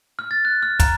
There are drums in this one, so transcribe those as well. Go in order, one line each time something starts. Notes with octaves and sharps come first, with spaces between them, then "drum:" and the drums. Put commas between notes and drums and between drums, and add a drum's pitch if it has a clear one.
F6
A6
F#6
F6
A#5, drum: kick, hi-hat